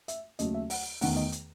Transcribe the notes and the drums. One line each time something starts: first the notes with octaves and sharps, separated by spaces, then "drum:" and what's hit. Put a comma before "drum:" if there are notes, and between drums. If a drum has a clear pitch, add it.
E5, drum: hi-hat
D#2 C#3 F#3 A3 D#5, drum: hi-hat
E5
F#5, drum: open hi-hat
E2 D#3 A3 F#5, drum: open hi-hat
D#5
drum: hi-hat